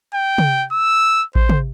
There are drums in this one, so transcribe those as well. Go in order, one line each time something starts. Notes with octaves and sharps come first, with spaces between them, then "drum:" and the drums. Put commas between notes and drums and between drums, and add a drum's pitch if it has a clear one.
G5
drum: tom
E6
C5, drum: kick A1
drum: tom